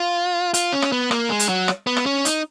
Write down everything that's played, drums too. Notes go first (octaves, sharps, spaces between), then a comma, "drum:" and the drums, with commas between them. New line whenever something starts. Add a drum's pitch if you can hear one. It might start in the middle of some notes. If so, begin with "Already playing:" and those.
Already playing: F4
F4, drum: hi-hat
C#4
drum: rim click
B3
A#3, drum: rim click
G#3
drum: hi-hat
F#3
drum: rim click
B3
drum: rim click
C#4
D#4, drum: hi-hat